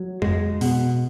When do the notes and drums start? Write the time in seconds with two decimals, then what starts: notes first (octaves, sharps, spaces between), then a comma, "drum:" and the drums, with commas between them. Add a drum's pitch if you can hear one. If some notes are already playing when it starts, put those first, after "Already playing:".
Already playing: F#3
0.22 G#3, drum: tom F2
0.61 B2, drum: open hi-hat